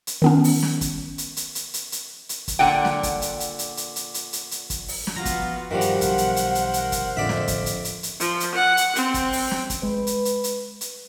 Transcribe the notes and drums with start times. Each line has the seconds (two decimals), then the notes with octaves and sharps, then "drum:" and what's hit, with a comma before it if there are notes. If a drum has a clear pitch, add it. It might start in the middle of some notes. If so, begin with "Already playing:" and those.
0.07 drum: hi-hat
0.22 D#3 B3 C#4
0.44 drum: open hi-hat
0.63 drum: snare
0.81 drum: kick, hi-hat
1.18 drum: hi-hat
1.37 drum: hi-hat
1.55 drum: hi-hat
1.74 drum: hi-hat
1.92 drum: hi-hat
2.29 drum: hi-hat
2.48 drum: kick, hi-hat
2.59 A#2 D3 F#5 G5
2.85 drum: snare
3.03 drum: kick, hi-hat
3.22 drum: hi-hat
3.40 drum: hi-hat
3.59 drum: hi-hat
3.77 drum: hi-hat
3.96 drum: hi-hat
4.14 drum: hi-hat
4.33 drum: hi-hat
4.51 drum: hi-hat
4.70 drum: kick, hi-hat
4.88 drum: open hi-hat
5.07 drum: snare
5.16 F3 B3 F4 F#4 A#5
5.25 drum: kick, hi-hat
5.71 G2 D#3 F3 G3 G4 F#5
5.81 drum: hi-hat
6.01 B1 B2 F#3 A#4 C5 F#5, drum: hi-hat
6.18 drum: hi-hat
6.36 drum: hi-hat
6.55 drum: hi-hat
6.73 drum: hi-hat
6.92 drum: kick, hi-hat
7.17 F2 A2 D3 D4 D5 E5
7.29 drum: snare
7.48 drum: kick, hi-hat
7.66 drum: hi-hat
7.85 drum: hi-hat
8.03 drum: hi-hat
8.20 F3, drum: hi-hat
8.40 drum: hi-hat
8.55 F#5
8.77 drum: hi-hat
8.96 C4, drum: hi-hat
9.14 drum: kick, hi-hat
9.33 drum: open hi-hat
9.51 drum: snare
9.70 drum: kick, hi-hat
9.83 G#3 B4
10.07 drum: hi-hat
10.25 drum: hi-hat
10.44 drum: hi-hat
10.81 drum: hi-hat